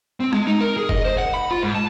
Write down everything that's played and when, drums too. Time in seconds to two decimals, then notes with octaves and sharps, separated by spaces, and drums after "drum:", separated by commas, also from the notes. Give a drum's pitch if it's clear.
0.20 C4
0.33 G#3, drum: rim click
0.47 D#4
0.61 A#4
0.77 G#4
0.89 D#5, drum: kick F1
1.05 C5
1.18 F#5
1.34 B5
1.51 F4
1.63 G#2
1.75 A5